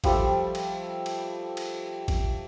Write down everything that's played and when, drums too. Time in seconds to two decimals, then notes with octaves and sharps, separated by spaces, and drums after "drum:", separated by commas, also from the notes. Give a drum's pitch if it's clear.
0.04 F3 G3 A3 A4, drum: kick A1, cymbal
0.55 drum: cymbal
1.06 drum: cymbal
1.57 drum: cymbal
2.08 drum: kick A1, cymbal